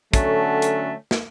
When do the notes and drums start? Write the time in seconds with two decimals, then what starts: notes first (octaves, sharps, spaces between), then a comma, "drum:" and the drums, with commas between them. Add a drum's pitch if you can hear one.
0.14 D3 F#3 A3 C#4 A4, drum: kick, hi-hat
0.62 drum: hi-hat
1.11 drum: snare